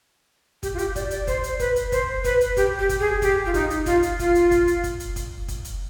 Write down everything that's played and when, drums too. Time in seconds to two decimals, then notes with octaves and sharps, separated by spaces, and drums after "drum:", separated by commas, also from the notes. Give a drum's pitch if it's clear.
0.63 G4, drum: kick, hi-hat
0.74 F4
0.78 G4, drum: hi-hat
0.96 D5, drum: kick, hi-hat
1.11 D5, drum: hi-hat
1.27 C5, drum: kick, hi-hat
1.44 drum: hi-hat
1.60 B4, drum: kick, hi-hat
1.76 drum: hi-hat
1.92 C5, drum: kick, hi-hat
2.24 B4, drum: kick, hi-hat
2.41 drum: hi-hat
2.57 G4, drum: kick, hi-hat
2.79 G4
2.89 drum: kick, hi-hat
3.00 G#4
3.22 G4, drum: kick, hi-hat
3.46 F4
3.54 D#4, drum: kick, hi-hat
3.70 drum: hi-hat
3.86 F4, drum: kick, hi-hat
4.03 drum: hi-hat
4.19 F4, drum: kick, hi-hat
4.35 drum: hi-hat
4.51 drum: kick, hi-hat
4.67 drum: hi-hat
4.84 drum: kick, hi-hat
5.00 drum: hi-hat
5.16 drum: kick, hi-hat
5.48 drum: kick, hi-hat
5.65 drum: hi-hat